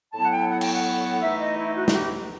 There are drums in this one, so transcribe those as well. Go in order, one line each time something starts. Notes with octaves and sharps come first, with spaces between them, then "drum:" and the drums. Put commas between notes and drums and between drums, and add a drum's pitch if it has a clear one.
A2 F#3 B3 E4 A5
F#5
G5
F#5
G5, drum: cymbal
F#5
E3 A3 D#4 E5
D#5
E4
F#4
F#4, drum: snare
G4